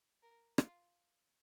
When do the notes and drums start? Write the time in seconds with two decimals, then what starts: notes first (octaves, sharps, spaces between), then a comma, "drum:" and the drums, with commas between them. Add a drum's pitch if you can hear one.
0.22 A#4
0.58 F4, drum: rim click